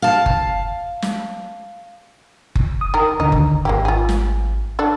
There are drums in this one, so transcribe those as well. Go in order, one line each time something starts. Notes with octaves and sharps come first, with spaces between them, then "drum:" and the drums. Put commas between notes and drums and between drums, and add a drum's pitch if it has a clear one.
F5 A5
drum: kick F#1
drum: snare
drum: kick F#1
D#6
D#3 A#4
D2 D3 D#3 D#4
drum: kick F#1
G#1 G#3 A#3 G4
F4 G#4
drum: snare
D4 A4